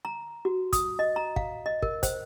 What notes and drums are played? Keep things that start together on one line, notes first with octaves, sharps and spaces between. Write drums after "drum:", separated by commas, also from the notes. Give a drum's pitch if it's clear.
A#5
F#4
D#6, drum: kick, hi-hat
D#5
A#5
F5, drum: kick
D#5
A#4, drum: kick
C5, drum: kick, hi-hat